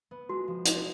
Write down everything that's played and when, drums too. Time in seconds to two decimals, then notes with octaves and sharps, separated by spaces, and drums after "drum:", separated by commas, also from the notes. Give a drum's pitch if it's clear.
0.11 B3
0.29 G#3 F#4
0.48 F3
0.65 D#4, drum: hi-hat